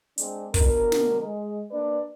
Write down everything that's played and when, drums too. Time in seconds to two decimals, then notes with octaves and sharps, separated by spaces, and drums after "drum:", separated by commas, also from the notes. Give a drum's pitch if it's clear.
0.18 G#3 C4 D4, drum: hi-hat
0.54 B2 D3 A#4, drum: kick, open hi-hat
0.92 drum: snare
1.21 G#3
1.71 A#3 D4 B4 D5